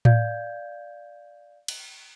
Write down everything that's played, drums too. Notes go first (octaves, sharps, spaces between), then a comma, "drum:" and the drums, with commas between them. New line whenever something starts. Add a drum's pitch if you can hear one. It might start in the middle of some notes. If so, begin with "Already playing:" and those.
D5 F5 G6 G#6, drum: tom A2
drum: cymbal